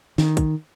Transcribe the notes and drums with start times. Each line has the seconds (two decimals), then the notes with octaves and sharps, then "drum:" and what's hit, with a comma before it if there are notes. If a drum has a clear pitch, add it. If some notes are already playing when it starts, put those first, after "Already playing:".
0.18 D#3, drum: snare
0.37 drum: kick, hi-hat